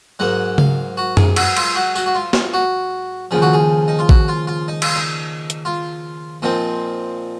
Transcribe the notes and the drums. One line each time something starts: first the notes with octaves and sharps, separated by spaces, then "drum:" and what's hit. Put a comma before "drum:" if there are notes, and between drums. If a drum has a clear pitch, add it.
G#2 F#3 A#3 F#5
F5, drum: tom C#3
F#4
G#4, drum: tom F#2
F#4, drum: cymbal
F4, drum: cymbal
F#4
F#4, drum: tambourine
F#4
F4
F4, drum: snare
F#4
D#2 C#3 F3 G#4
F#4
G#4
D#4
F4
F#4, drum: kick A1
F4
F4
D#4
F4, drum: cymbal
D#4
drum: hi-hat
F4
A#2 F3 C4 D#4